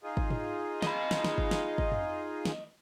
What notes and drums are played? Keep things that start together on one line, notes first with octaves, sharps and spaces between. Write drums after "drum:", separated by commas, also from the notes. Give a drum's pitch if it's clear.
D#4 F4 G#4
drum: kick
drum: tom G#2
D#5 B5, drum: snare
drum: snare
drum: snare
drum: kick
drum: snare
drum: kick
drum: tom F2
drum: snare